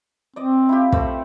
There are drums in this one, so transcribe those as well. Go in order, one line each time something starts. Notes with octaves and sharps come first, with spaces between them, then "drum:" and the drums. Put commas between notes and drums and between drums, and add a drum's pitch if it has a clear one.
C4 D5 D#5
E4 F4 G4
A3 C4 C5, drum: kick